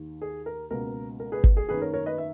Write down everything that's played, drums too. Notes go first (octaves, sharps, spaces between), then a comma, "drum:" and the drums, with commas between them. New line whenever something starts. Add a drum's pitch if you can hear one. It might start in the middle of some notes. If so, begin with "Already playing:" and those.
Already playing: D#2 D#3 A#3
G#4
A#4
C#2 B2 A#3 A#4
A#4
G#4 B4
drum: kick G#1
G#4
F#2 D#3 A#3 G#4 B4
A#4 C#5
A#4 C#5
B4 D#5
E5